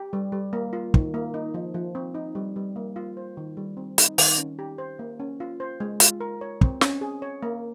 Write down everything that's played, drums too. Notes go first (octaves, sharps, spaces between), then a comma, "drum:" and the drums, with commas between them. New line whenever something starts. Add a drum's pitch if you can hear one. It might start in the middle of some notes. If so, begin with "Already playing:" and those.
Already playing: G4
G3
G3
A#3
F4
D#3, drum: kick
A#3
D#4
F3
F3
C4
D#4
G3
G3
A#3
F4
C5
D#3
G3
C4
D#4, drum: hi-hat
D#3, drum: open hi-hat
C#4
G4
C5
A#3
C#4
F4
C5
G#3
F4, drum: hi-hat
A#4
C#5
C4, drum: kick
C#4, drum: snare
G#4
C#5
A#3